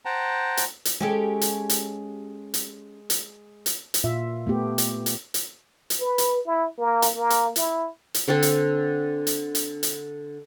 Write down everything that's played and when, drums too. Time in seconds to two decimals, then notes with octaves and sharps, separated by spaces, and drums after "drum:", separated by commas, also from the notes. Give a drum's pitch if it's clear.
0.05 C5 F#5 G5 A5 A#5
0.57 drum: hi-hat
0.85 drum: hi-hat
1.01 G#3 C#4 G4 A4
1.41 drum: hi-hat
1.70 drum: hi-hat
2.54 drum: hi-hat
3.10 drum: hi-hat
3.66 drum: hi-hat
3.94 drum: hi-hat
4.04 A#2 F4 E5
4.47 A3 B3 G4
4.78 drum: hi-hat
5.06 drum: hi-hat
5.34 drum: hi-hat
5.90 drum: hi-hat
6.00 B4
6.18 drum: hi-hat
6.46 E4
6.78 A#3
7.02 drum: hi-hat
7.15 A#3
7.30 drum: hi-hat
7.56 E4, drum: hi-hat
8.14 drum: hi-hat
8.28 D3 C4 D4 A4
8.42 drum: hi-hat
9.27 drum: hi-hat
9.55 drum: hi-hat
9.83 drum: hi-hat